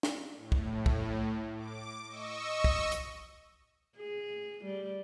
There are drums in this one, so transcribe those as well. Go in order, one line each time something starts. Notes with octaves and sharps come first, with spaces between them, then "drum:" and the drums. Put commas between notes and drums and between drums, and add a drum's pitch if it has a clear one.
drum: snare
A2
drum: kick
drum: kick
D6
D#5 C#6 E6
drum: kick
drum: hi-hat
G#4
G3